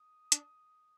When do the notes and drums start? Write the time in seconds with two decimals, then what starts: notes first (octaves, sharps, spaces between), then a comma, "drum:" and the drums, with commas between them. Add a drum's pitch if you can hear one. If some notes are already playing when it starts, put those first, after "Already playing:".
Already playing: D#6
0.32 D4, drum: hi-hat